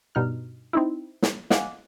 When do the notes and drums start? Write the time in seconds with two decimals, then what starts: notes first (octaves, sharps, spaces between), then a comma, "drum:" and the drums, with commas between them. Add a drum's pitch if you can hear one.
0.15 G2 B2 D#4 F6
0.73 C4 D#4 E4
1.22 drum: snare
1.50 D#5 F5 F#5 G#5 D6 F#6, drum: snare